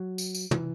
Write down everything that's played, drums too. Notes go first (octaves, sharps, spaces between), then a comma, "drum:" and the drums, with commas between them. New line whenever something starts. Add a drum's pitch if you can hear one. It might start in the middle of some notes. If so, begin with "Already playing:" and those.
Already playing: F#3
drum: tambourine
drum: tambourine
E3, drum: tom